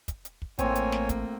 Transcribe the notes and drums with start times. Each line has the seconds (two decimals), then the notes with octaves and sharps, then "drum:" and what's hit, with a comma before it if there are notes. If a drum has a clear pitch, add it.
0.08 drum: kick, hi-hat
0.25 drum: hi-hat
0.42 drum: kick
0.59 A1 A2 A3 A#3 C4 C#5 G#5, drum: hi-hat
0.75 drum: hi-hat
0.92 drum: snare
1.09 drum: kick, hi-hat